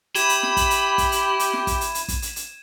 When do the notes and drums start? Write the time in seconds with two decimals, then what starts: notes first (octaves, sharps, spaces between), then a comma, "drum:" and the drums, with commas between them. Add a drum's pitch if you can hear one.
0.15 E4 G4 B5 G#6 D#7 E7, drum: hi-hat
0.29 drum: hi-hat
0.43 drum: snare
0.57 drum: kick, hi-hat
0.70 drum: hi-hat
0.98 drum: kick, hi-hat
1.12 drum: hi-hat
1.39 drum: hi-hat
1.53 drum: snare
1.67 drum: kick, hi-hat
1.81 drum: hi-hat
1.95 drum: hi-hat
2.08 drum: kick, hi-hat
2.22 drum: hi-hat
2.36 drum: hi-hat